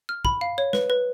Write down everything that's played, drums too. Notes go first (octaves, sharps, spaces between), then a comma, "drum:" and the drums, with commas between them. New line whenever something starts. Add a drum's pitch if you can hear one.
F6
B5, drum: kick
F5
C#5
B4, drum: snare
B4